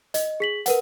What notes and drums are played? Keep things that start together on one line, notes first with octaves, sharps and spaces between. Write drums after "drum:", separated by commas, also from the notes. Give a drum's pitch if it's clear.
D#5, drum: hi-hat
G#4 B6 F#7
A#4 B4 F#5, drum: hi-hat